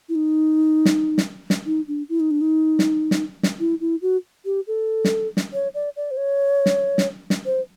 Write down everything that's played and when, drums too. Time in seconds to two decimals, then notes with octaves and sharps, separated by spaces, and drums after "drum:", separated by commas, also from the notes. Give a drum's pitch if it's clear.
0.09 E4
0.15 D#4
0.85 drum: snare
1.18 drum: snare
1.50 drum: snare
1.66 D#4
1.88 D4
2.09 E4
2.20 D#4
2.31 D4
2.41 D#4
2.79 drum: snare
3.11 drum: snare
3.43 drum: snare
3.60 E4
3.81 E4
4.02 F#4
4.45 G4
4.67 A4
5.05 drum: snare
5.37 drum: snare
5.53 C#5
5.74 D5
5.96 D5
6.11 C5
6.17 C#5
6.66 drum: snare
6.98 drum: snare
7.30 drum: snare
7.46 C5